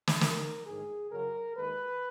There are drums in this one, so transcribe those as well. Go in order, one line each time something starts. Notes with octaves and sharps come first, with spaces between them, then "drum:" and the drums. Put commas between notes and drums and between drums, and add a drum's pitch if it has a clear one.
drum: snare
D#2 D#3 F#3 B3 A#4, drum: snare
A#1 G#2 D#3 G#4
F#2 C#3 F#3 A#4
D#2 D#3 G#3 B4